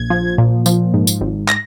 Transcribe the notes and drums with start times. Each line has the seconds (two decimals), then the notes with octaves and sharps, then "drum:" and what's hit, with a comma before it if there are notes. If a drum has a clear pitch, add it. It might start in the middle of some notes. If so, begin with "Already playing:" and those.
Already playing: A#1 G#6
0.10 F3
0.38 A#2
0.66 F3, drum: tambourine
0.94 G#2
1.07 drum: tambourine
1.21 G#1
1.48 A#6, drum: clap